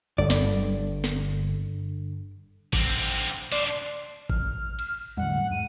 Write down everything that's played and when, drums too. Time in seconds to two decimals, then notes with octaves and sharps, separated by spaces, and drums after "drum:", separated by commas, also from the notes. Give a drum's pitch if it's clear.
0.18 G1 G2 D3 D5
0.30 drum: snare
0.50 drum: tom F#3
1.04 drum: snare
2.73 D3 C4, drum: kick G#1
3.52 D4 C5 D5, drum: tambourine
4.30 F6, drum: kick G#1
4.79 drum: cymbal
5.17 E2 A2 D3 F#5, drum: tom F#3
5.51 G#2 D#7